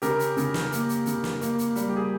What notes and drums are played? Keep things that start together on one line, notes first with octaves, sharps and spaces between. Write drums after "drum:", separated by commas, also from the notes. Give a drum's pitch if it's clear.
C#3 G4 A#4, drum: hi-hat
drum: hi-hat
C#3, drum: hi-hat
drum: snare
A#3, drum: hi-hat
drum: hi-hat
C#3, drum: hi-hat
drum: snare
A#3, drum: hi-hat
drum: hi-hat
G3, drum: hi-hat
G4
G#4